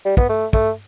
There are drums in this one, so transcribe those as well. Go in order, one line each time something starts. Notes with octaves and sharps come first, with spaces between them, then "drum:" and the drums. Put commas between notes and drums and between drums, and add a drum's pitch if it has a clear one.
G3
B3, drum: kick
A3
A3, drum: kick